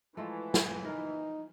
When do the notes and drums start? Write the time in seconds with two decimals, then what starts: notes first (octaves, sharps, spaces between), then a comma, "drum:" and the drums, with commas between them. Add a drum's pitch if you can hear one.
0.17 E3 F3 G#3 A3
0.54 drum: snare
0.85 D#4 A#4